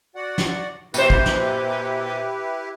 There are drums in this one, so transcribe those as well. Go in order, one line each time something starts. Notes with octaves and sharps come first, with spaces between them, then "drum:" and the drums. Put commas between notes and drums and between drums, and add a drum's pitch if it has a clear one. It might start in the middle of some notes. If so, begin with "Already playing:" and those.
F#4 D5 F#5
drum: snare
A#2 E4 G4 B4 C5, drum: tambourine
drum: kick
drum: snare